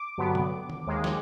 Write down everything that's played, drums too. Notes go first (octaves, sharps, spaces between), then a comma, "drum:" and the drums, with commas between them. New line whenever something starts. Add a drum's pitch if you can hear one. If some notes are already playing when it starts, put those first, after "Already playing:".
Already playing: D6
G2 D3 F#3 B3
drum: tom
drum: tom D#3
D#2 D#3 G#3
drum: snare